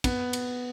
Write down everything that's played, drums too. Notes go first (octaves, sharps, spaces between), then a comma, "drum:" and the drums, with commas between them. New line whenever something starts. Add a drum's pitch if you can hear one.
B3, drum: kick, cymbal
drum: cymbal